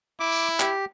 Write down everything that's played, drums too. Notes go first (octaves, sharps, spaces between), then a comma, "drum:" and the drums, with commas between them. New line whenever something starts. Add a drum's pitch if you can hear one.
E4 D6
drum: tambourine
G4, drum: clap